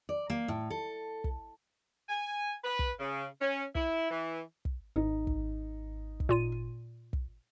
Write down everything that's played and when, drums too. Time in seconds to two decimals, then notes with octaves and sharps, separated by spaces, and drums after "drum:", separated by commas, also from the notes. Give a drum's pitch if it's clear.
0.09 D5
0.30 A#3
0.48 A2
0.70 A4
1.24 drum: kick
2.09 G#5
2.64 B4
2.79 drum: kick
3.00 C#3
3.41 C#4
3.75 E4, drum: kick
4.11 E3
4.65 drum: kick
4.96 G#1 D#4
5.27 drum: kick
6.20 drum: kick
6.29 A#2 F4 D#7
7.13 drum: kick